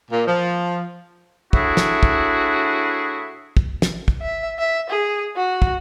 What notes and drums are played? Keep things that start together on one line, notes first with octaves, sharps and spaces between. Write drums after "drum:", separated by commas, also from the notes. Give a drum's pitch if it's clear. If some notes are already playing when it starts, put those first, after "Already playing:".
A#2
F3
A2 D4 E4 F#4 G#4, drum: kick
drum: snare
drum: kick
drum: kick
drum: snare
drum: kick
E5
E5
G#4
F#4
drum: kick